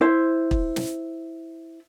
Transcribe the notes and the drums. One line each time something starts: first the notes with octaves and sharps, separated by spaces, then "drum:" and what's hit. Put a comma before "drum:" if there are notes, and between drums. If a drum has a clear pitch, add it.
E4 C5 E5
drum: kick
drum: snare